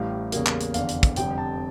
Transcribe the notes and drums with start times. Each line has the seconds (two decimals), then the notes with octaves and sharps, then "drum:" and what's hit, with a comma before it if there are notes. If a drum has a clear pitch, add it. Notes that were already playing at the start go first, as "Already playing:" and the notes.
Already playing: A1 A2 G3 F5
0.32 E2 C#3 G3 A#3, drum: hi-hat
0.46 drum: clap
0.61 drum: hi-hat
0.74 F1 E2 D3 F5, drum: hi-hat
0.89 drum: hi-hat
1.03 drum: kick, hi-hat
1.16 F1 F2 D3 G3 G5, drum: hi-hat
1.38 A5